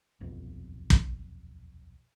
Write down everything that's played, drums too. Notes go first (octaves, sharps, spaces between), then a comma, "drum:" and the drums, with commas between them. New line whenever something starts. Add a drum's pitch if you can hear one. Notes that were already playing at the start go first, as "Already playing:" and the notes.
D#1 B1 F2
drum: kick